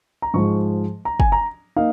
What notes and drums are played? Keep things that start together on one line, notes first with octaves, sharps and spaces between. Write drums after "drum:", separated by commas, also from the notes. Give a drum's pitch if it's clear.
A#5
G#2 F3 G#3 C#6
A#5
G#5, drum: kick
A#5
A#3 D#4 F5